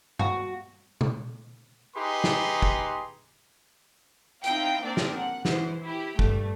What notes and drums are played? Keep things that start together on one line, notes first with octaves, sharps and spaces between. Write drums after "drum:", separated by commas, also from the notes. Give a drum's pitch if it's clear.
F#4, drum: tom G2
drum: tom
D#4 G4 G#4 B4 B5 C6
drum: snare
drum: kick
C4 D#4 E4 F5 G5, drum: hi-hat
A#3 C4 D4 A#4 D5
drum: snare
F#5
E3 C5, drum: snare
E4 G4
G2 A3, drum: kick